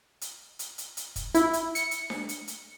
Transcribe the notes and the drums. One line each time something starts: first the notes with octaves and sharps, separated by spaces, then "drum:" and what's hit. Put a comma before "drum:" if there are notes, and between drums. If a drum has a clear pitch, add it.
drum: hi-hat
drum: hi-hat
drum: hi-hat
drum: hi-hat
drum: kick, hi-hat
E4, drum: hi-hat
drum: hi-hat
C#7, drum: hi-hat
drum: hi-hat
drum: snare D4
drum: hi-hat
drum: hi-hat